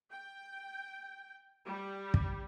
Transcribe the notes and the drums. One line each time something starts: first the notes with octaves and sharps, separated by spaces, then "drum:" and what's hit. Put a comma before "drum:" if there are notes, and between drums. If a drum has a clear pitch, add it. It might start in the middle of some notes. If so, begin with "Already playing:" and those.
G5
G3
drum: kick